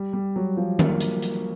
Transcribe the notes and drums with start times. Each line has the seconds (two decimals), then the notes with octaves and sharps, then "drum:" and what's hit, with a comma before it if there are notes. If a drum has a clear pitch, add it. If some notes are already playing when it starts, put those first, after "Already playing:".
Already playing: G3
0.13 G3
0.36 F#3
0.57 F3
0.79 A#3, drum: tom D#3
1.01 drum: hi-hat
1.22 drum: hi-hat